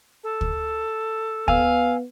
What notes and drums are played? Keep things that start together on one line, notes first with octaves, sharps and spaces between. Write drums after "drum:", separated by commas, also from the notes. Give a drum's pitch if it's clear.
A4
drum: kick
B3 F5 G#5 E6, drum: kick